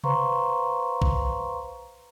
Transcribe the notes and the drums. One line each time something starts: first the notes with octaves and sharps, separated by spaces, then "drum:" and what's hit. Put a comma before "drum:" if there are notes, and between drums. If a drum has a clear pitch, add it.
B4 C5 F5 A#5 C6 C#6, drum: tom C3
drum: kick A#1